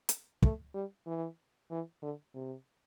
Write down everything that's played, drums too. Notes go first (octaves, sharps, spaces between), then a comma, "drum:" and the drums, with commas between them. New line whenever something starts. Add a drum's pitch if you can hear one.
drum: hi-hat
A3, drum: kick
G3
E3
E3
D3
C3